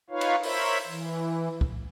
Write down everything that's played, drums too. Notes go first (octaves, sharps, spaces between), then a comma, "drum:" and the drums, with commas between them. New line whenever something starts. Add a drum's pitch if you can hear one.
D#4 F4 B4 C#5 F5
drum: cymbal
A#4 C5 C#5 E5 B5, drum: open hi-hat
E3
drum: kick